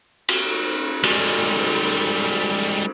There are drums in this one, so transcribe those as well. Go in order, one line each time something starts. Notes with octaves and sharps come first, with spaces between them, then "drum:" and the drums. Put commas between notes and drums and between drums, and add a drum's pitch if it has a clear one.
drum: cymbal
G3 G#3, drum: cymbal